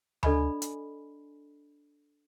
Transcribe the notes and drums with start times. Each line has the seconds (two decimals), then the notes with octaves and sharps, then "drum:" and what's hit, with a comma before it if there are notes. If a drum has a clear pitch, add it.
0.23 D4 A4 D5 D#5 G#5 B5, drum: tom D2
0.62 drum: hi-hat